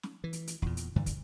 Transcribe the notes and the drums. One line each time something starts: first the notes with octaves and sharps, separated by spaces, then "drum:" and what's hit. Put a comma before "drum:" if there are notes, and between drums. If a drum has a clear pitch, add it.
drum: snare
E3
drum: hi-hat
drum: hi-hat
E2 A#2, drum: kick
drum: hi-hat
G2 D3 E3 G3
drum: kick, hi-hat